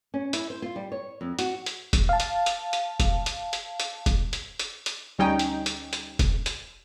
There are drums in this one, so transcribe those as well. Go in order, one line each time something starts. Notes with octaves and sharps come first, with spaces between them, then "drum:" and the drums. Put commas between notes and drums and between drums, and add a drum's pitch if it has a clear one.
C#4
E4, drum: hi-hat
C5
F4
G3
C#5
F2
F#4, drum: hi-hat
drum: hi-hat
drum: kick E1, hi-hat
F5 A5
drum: hi-hat
drum: hi-hat
drum: hi-hat
drum: kick E1, hi-hat
drum: hi-hat
drum: hi-hat
drum: hi-hat
drum: kick E1, hi-hat
drum: hi-hat
drum: hi-hat
drum: hi-hat
D2 G3 C#4 D#4 G5
drum: hi-hat
drum: hi-hat
drum: hi-hat
drum: kick E1, hi-hat
drum: hi-hat